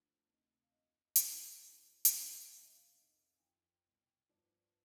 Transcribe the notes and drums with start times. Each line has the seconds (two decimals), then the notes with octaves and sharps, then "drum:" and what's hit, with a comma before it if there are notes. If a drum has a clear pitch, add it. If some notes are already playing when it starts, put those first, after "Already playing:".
Already playing: D2 D3 F3
0.26 D2 C3 D#3
0.62 F5
0.71 F2 D3 F3 D#5
1.16 C2 B2, drum: hi-hat
1.61 F2 D3 F3
2.05 D#2 D#3 F5, drum: hi-hat
2.49 C2 B2 F5
2.63 D#5
2.75 F5
2.95 F2 D#3
3.36 G#5
3.40 F2 D3 F3 G5
3.84 C2 B2
4.29 G2 F3 D5